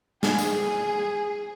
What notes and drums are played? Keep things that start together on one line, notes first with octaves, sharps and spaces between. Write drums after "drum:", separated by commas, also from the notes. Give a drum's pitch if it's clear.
G#4, drum: snare
drum: tambourine